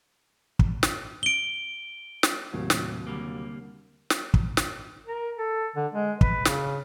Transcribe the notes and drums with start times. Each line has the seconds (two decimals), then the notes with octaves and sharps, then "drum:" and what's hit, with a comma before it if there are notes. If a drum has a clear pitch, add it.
0.59 drum: kick
0.83 drum: snare
1.23 D7 G7
2.23 drum: snare
2.53 D#2 A2 C3 F#3
2.70 drum: snare
3.07 D3 G3 A#3
4.10 drum: snare
4.34 drum: kick
4.57 drum: snare
5.05 A#4
5.38 A4
5.76 D3
5.94 G#3
6.21 B4, drum: kick
6.45 C#3, drum: snare